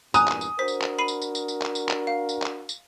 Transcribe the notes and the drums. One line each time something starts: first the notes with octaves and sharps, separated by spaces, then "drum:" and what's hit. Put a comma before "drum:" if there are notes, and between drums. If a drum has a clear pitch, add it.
E2 G2 A#2 G#5 A#5 D#6 F#6, drum: tambourine
drum: clap
drum: tambourine
D4 F#4 A#4 C5 B6
drum: tambourine
drum: clap
B5 C7 D#7
drum: tambourine
drum: tambourine
drum: tambourine
drum: tambourine
drum: clap
drum: tambourine
drum: clap
F5
drum: tambourine
drum: clap
drum: tambourine